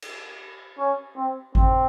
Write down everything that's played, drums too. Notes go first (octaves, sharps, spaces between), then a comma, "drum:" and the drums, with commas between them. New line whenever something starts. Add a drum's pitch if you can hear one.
drum: cymbal
C#4
C4
C4, drum: kick G#1